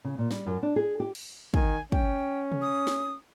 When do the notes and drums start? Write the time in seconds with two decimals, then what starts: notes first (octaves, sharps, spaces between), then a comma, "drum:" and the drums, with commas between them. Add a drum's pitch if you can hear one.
0.05 C#3
0.18 A#2
0.31 G3, drum: snare
0.46 F#2
0.63 D4
0.76 G#4
1.00 G4
1.15 drum: cymbal
1.54 D#3 G#5, drum: kick
1.92 C#4 G5, drum: kick
2.52 drum: tom C3
2.62 D#6
2.87 drum: snare